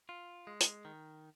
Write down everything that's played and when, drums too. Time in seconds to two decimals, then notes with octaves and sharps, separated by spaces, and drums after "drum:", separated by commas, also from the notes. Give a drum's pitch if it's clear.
0.09 F4
0.47 G#3
0.60 drum: hi-hat
0.85 D#3